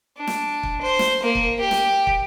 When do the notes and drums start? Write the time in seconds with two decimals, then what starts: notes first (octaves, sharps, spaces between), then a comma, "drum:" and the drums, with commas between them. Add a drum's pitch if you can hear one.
0.17 D4
0.27 drum: snare
0.63 drum: kick
0.81 C5
0.99 drum: snare
1.22 A#3
1.35 drum: kick
1.60 G4
1.71 drum: snare
2.07 drum: kick